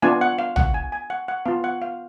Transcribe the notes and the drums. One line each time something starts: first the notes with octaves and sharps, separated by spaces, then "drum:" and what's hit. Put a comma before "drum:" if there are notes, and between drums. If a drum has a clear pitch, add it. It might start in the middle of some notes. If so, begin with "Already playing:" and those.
B3 D4 F4 G#5
F#5
F5
F#5, drum: tom A#1
G#5
G#5
F#5
F#5
B3 F4 F5
F#5
F5